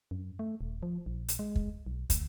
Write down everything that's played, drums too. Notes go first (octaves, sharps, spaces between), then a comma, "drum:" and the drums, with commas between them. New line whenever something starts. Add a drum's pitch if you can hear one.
F#2
A3
D#1
F3
A#1
drum: hi-hat
G#3
drum: kick
B1
D2, drum: kick, hi-hat